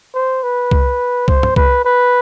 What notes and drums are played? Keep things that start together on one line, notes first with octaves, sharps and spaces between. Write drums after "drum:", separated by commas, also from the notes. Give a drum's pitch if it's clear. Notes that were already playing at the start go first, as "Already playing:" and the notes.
C5
B4
drum: kick C2
C5, drum: kick C2
drum: tom
B4, drum: kick C2
B4